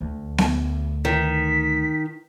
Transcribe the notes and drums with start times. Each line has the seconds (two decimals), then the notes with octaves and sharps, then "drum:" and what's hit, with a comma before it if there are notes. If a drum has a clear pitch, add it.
0.01 D2
0.38 drum: snare B3
1.05 D#3 B6